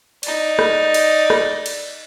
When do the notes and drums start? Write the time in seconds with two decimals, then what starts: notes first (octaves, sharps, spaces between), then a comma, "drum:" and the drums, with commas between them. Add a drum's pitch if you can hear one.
0.23 D#4 D5, drum: cymbal
0.59 drum: rim click
0.94 drum: cymbal
1.30 drum: rim click
1.66 drum: cymbal